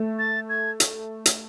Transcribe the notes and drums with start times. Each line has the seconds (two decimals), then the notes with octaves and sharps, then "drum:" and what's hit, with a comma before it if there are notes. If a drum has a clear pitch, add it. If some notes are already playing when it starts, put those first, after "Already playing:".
Already playing: A3
0.19 A6
0.49 G#6
0.80 drum: hi-hat
1.26 drum: hi-hat